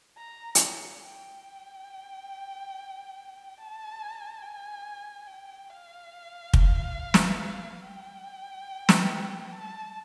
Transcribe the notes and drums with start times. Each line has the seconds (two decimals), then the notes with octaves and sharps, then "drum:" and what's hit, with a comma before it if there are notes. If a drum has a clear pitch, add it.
0.17 A#5
0.55 drum: hi-hat
1.02 G5
3.57 A5
4.42 G#5
5.27 G5
5.69 F5
6.54 drum: kick
7.14 drum: snare
7.81 G5
8.89 drum: snare
9.52 A5